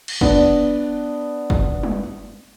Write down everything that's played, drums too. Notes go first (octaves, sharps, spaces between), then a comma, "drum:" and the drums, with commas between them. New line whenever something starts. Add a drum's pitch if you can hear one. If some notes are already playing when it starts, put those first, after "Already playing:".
drum: cymbal
B3 D4, drum: kick
drum: kick
drum: tom G3